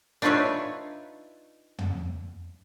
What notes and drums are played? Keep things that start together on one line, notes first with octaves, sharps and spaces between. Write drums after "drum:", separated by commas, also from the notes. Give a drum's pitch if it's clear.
D4 D#4 F4 B4 C#5 E5
drum: tom